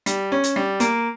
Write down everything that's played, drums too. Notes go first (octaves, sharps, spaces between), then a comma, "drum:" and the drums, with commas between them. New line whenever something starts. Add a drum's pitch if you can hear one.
G3, drum: hi-hat
C#4
drum: hi-hat
G3
A#3, drum: hi-hat